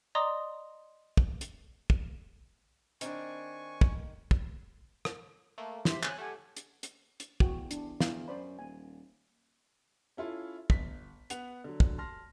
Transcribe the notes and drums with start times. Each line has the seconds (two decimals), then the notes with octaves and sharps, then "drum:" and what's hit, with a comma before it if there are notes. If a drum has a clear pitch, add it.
0.15 D5 D#5 A#5 C6 D6 D#6
1.17 drum: kick
1.41 drum: hi-hat
1.90 drum: kick
3.01 D#3 C4 D4 G#5 C#6, drum: hi-hat
3.81 drum: kick
4.31 drum: kick
5.05 drum: rim click
5.58 A3 A#3
5.85 G4 C5 E5 C6, drum: snare
6.03 C#5 G#5 F#6, drum: clap
6.18 A3 G4 F#5 G#5
6.57 drum: hi-hat
6.83 drum: hi-hat
7.20 drum: hi-hat
7.40 E2 F#4 G5, drum: kick
7.71 D4, drum: hi-hat
8.01 E2 F5, drum: snare
8.28 F#2 C5 D5 B5
8.59 D#1 G#5
10.17 C#4 E4 F4 A4
10.70 G1 B6, drum: kick
11.30 B3 F#5 F7, drum: hi-hat
11.64 D3 F#3
11.80 drum: kick
11.98 A5 C6 F6 A#6